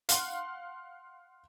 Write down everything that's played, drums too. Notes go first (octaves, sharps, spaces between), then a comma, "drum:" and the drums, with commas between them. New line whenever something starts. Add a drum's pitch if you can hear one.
F5 F#5 C6, drum: hi-hat